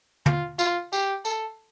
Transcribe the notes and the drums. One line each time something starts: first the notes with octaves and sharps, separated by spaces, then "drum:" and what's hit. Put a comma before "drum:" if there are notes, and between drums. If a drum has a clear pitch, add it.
F4, drum: tom
F4, drum: tambourine
G4, drum: tambourine
A4, drum: tambourine